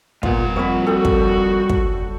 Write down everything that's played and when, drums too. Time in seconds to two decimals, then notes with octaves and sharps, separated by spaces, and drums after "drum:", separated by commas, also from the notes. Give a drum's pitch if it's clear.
0.23 A#2 G3 B3 F4 F#5, drum: kick
0.56 F2 A#3 C#5 B5
0.86 F#4 A4 G5 D#6
1.05 drum: kick
1.69 drum: kick